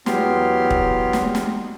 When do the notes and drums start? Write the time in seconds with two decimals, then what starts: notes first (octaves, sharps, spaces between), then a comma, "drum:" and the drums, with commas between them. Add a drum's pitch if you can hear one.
0.06 E2 F#3 B3 G4 C6 F6, drum: snare
0.70 drum: kick E1
1.13 drum: snare
1.35 drum: snare